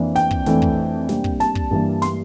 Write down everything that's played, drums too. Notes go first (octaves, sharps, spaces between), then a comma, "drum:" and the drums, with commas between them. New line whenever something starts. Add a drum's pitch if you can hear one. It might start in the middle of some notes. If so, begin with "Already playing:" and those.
Already playing: F2 E3 A#3 D4
G5, drum: snare
drum: kick
F2 E3 A3 D4, drum: snare
drum: kick
C3 G3 A#3 D4, drum: snare
drum: kick
A5, drum: snare
drum: kick
G2 E3 G3 A#3
C6, drum: snare